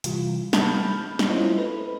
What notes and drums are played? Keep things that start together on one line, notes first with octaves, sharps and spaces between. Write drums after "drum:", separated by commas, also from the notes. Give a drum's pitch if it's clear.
C3 E3 G3 F4, drum: hi-hat
A5 B5 F6 G6, drum: snare
drum: snare
C#4 E4 F4 C5 D#5
A4 B4 B5